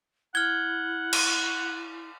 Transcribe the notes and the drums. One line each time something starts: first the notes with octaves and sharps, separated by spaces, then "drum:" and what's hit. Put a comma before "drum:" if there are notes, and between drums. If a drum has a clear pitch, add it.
E4 F#5 F6 G#6 G7
drum: cymbal